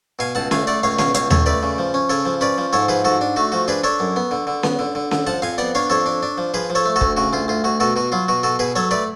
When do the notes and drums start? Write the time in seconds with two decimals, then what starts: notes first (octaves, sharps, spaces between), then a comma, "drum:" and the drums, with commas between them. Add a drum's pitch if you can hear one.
0.19 B2 F5 G#5
0.35 C#2 F#5 A5
0.51 A3 F5 G#5, drum: snare C#4
0.67 A3 D5 F#5
0.83 C#2 C#5 F5
0.98 B2 C#5 F5, drum: snare C#4
1.14 C#2 C#5 F5, drum: hi-hat
1.31 C#2 A4 C#5, drum: tom D#2
1.46 A3 B4 D5
1.63 C#3
1.78 F3
1.94 C#4
2.09 C#3 A4 C#5
2.25 F3
2.41 C#4 B4 D5
2.58 F3
2.73 G#2 A4 C#5
2.88 F3 G#4 B4
3.04 G#2 F#4 A4
3.21 D4
3.36 A3 F#4
3.52 F3 F#4
3.68 D4 G#4 B4
3.84 D4 A4 C#5
4.00 F#2
4.16 B3
4.31 D3
4.47 D3
4.63 B3, drum: snare C#4
4.79 D3
4.95 D3
5.11 D3, drum: snare C#4
5.27 F3 F#5 A5
5.42 F2 F5 G#5
5.58 B3 D5 F#5
5.75 D4 C#5 F5
5.90 F2 A4 C#5
6.06 D4
6.23 D4
6.38 F3
6.54 F3 G#4 B4
6.70 F3
6.75 A4 C#5
6.85 A3
6.96 F#4 A4
7.01 D2, drum: kick
7.17 C#3 F#4
7.33 D2 F4
7.48 D2 F4
7.64 D2 F#4
7.80 B2 F#4 A4
7.96 B2 F#4
8.12 F#3 F4
8.28 B2 F#4
8.43 B2 F#4 A4
8.59 B2 G#4 B4
8.75 F#3 A4 C#5
8.91 A3 B4 D5